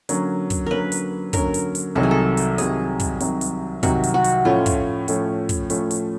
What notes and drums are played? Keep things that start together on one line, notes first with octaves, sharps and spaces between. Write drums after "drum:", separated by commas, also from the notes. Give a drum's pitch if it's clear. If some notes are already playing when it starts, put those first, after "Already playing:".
D3 F#3 A#3 C#4, drum: hi-hat
drum: kick, hi-hat
D3 F#3 A#3 C#4 A#4 B4
drum: hi-hat
D3 F#3 A#3 C#4 A#4, drum: kick, hi-hat
drum: hi-hat
drum: hi-hat
C2 C3 D#3 F#3 A4
G#4
A4
drum: hi-hat
C2 C3 D#3 F#3 G#4, drum: hi-hat
drum: kick, hi-hat
C2 C3 D#3 F#3, drum: hi-hat
drum: hi-hat
C2 C3 D#3 F#3 F#4, drum: kick, hi-hat
drum: hi-hat
F#4
drum: hi-hat
A2 F3 A3 C#4 F4
drum: kick, hi-hat
A2 F3 A3 C#4, drum: hi-hat
drum: kick, hi-hat
A2 F3 A3 C#4, drum: hi-hat
drum: hi-hat